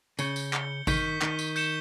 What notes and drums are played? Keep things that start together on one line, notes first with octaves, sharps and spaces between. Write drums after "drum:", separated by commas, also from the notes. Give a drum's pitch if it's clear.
C#3 G6 C#7 G7, drum: tambourine
drum: tambourine
drum: clap
D#3 C#6 G6 B6 D#7 G7, drum: kick G#1, tambourine
D#3, drum: clap
drum: tambourine
G6 C#7 E7 G7, drum: tambourine